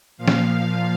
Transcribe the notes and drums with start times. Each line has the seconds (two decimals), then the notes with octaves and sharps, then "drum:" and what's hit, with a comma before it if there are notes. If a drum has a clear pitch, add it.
0.17 A#2 F3 F5
0.28 drum: snare